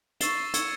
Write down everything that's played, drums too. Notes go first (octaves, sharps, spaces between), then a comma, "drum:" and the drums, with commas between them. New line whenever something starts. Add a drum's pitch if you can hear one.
C#6 E6 A6 C7 E7, drum: hi-hat
C#6 E6 G#6 C#7, drum: hi-hat